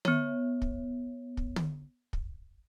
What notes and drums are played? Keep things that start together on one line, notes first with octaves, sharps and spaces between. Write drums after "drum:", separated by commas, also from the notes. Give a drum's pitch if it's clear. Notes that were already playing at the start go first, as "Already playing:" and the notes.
B3 C#5, drum: tom
drum: kick
drum: kick
drum: tom
drum: kick